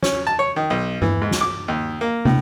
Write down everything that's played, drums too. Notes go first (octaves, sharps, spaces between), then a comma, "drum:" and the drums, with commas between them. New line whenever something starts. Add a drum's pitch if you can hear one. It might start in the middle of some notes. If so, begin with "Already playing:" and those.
C#4, drum: snare
A5
C#5
D#3
B1
E3, drum: tom G2
G#2
drum: snare
D6
D#2
A#3
A2, drum: tom